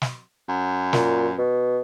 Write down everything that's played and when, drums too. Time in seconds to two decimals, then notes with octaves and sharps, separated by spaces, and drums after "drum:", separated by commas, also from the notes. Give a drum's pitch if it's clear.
0.02 drum: snare
0.49 F#2
0.93 A#2, drum: snare
1.38 B2